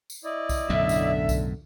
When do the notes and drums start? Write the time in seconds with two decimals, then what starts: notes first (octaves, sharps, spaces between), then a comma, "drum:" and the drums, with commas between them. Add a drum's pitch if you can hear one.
0.10 drum: tambourine
0.24 E4 D5 D#5
0.49 drum: kick B1, tambourine
0.69 B1 F#2 A2 D3 E5
0.89 drum: tambourine
1.29 drum: kick B1, tambourine